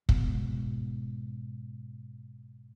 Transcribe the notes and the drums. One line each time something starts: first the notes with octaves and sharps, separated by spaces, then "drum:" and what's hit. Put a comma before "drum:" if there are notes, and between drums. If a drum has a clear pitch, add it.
G#2 B2, drum: kick